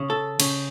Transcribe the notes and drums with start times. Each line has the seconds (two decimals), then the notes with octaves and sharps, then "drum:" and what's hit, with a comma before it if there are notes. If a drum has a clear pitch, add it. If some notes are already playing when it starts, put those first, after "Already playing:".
Already playing: C#3
0.10 A4
0.40 C#3, drum: cymbal